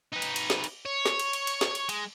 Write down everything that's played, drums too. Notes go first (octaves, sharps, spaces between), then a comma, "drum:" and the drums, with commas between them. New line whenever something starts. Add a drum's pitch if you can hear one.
D#4 B4
drum: cymbal
drum: cymbal
drum: snare
drum: cymbal
C#5
drum: snare
drum: cymbal
drum: cymbal
drum: cymbal
drum: snare
drum: cymbal
G#3, drum: cymbal